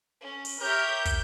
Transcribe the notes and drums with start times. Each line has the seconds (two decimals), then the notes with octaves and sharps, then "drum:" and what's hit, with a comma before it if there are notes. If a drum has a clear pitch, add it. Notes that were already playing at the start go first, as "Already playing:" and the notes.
0.21 C#4
0.45 drum: open hi-hat
0.60 G4 A#4 C#5 E5 G6
1.05 drum: kick, hi-hat